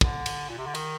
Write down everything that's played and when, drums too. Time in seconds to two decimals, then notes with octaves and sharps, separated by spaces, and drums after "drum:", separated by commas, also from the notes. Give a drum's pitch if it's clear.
0.01 D3, drum: kick
0.26 drum: cymbal
0.49 A#2
0.58 C3
0.66 D3
0.75 D#3, drum: cymbal